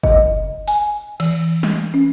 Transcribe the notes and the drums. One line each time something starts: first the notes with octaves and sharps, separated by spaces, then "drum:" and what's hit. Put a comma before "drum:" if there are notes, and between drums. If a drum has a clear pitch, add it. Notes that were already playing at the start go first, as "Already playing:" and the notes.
D#5, drum: kick
G#5, drum: hi-hat
E3, drum: cymbal
drum: snare
C#4